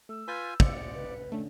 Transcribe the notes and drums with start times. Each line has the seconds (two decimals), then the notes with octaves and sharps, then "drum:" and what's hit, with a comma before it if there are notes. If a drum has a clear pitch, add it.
0.09 A3 E6
0.28 F4 B4 G#5 G6 A6 B6
0.60 C5 D5 D#5 C#7, drum: kick
0.94 B4
1.32 D3 A3 C#4 D4